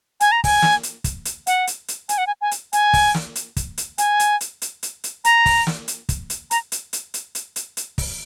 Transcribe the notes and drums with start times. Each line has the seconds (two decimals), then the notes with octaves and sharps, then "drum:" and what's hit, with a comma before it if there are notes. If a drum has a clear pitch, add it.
0.20 G#5, drum: hi-hat
0.32 A#5
0.44 G#5, drum: kick, open hi-hat
0.62 drum: snare
0.83 drum: hi-hat
1.04 drum: kick, hi-hat
1.25 drum: hi-hat
1.47 F#5, drum: hi-hat
1.67 drum: hi-hat
1.88 drum: hi-hat
2.09 G#5, drum: hi-hat
2.18 F#5
2.27 G#5
2.41 G#5
2.51 drum: hi-hat
2.73 G#5, drum: hi-hat
2.93 drum: kick, open hi-hat
3.14 drum: snare
3.35 drum: hi-hat
3.57 drum: kick, hi-hat
3.78 drum: hi-hat
3.98 G#5, drum: hi-hat
4.20 drum: hi-hat
4.41 drum: hi-hat
4.62 drum: hi-hat
4.83 drum: hi-hat
5.04 drum: hi-hat
5.25 A#5, drum: hi-hat
5.46 drum: kick, open hi-hat
5.67 drum: snare
5.88 drum: hi-hat
6.09 drum: kick, hi-hat
6.30 drum: hi-hat
6.51 A#5, drum: hi-hat
6.72 drum: hi-hat
6.93 drum: hi-hat
7.14 drum: hi-hat
7.35 drum: hi-hat
7.56 drum: hi-hat
7.77 drum: hi-hat
7.98 drum: kick, open hi-hat